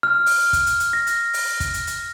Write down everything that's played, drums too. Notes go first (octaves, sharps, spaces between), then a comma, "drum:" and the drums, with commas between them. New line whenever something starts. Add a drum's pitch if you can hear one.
F6
drum: open hi-hat
drum: kick, hi-hat
drum: hi-hat
drum: hi-hat
A#6
drum: hi-hat
drum: open hi-hat
drum: kick, hi-hat
drum: hi-hat
drum: hi-hat